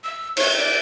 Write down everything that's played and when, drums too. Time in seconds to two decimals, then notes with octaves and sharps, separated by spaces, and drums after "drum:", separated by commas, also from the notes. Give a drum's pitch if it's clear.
0.04 E6
0.37 C#5, drum: cymbal
0.58 D5